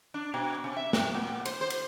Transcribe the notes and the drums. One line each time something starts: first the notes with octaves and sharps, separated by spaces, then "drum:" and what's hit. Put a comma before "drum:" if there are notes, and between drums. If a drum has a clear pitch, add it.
D4
B2
C3
E5
B3, drum: snare
A#2
C5, drum: cymbal
C5
drum: cymbal